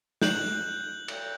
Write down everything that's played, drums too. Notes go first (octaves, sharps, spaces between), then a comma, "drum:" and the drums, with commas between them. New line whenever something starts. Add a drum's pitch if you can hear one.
F#6 G6 F#7, drum: snare
drum: cymbal